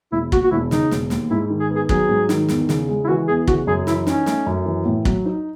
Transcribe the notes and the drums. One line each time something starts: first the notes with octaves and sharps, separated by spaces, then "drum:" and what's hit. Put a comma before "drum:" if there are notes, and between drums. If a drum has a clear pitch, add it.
E1 E4
D#2 F#4, drum: kick
F#4
E1 E4
C#3 D#4, drum: snare
E1, drum: snare
D#2, drum: snare
G#2 E4
D#3
G#4
B3
G#4
F#3 G#4, drum: kick
G#2
D#3, drum: snare
E2, drum: snare
C#3, drum: snare
G#3
E4
E3 F#4
E2 G#4
C#3 F#4, drum: kick
F#2 G#4
E3 E4, drum: snare
C#4 D#4, drum: snare
A3, drum: snare
F#2
E3
A2
F#3, drum: kick
D#4